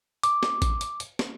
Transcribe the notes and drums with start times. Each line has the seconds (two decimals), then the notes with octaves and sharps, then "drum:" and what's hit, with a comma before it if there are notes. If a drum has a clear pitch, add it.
0.23 D6, drum: hi-hat
0.43 drum: snare
0.62 drum: kick A1, hi-hat
0.81 drum: hi-hat
1.00 drum: hi-hat
1.19 drum: snare